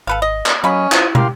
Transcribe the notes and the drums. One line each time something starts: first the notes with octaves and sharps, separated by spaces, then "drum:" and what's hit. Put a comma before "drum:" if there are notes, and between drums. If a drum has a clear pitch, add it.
G#1 A4 B4 F5
D#5
drum: clap
F#3 A#3 C#4 D#5 B5
E4 F4 C5 D#6, drum: clap
G4 A#4 F5 C6, drum: tom